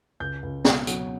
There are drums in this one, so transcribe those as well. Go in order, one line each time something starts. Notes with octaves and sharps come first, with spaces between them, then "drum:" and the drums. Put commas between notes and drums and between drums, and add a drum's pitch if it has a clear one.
C#2 G6
C#2
B2, drum: snare
F#3, drum: hi-hat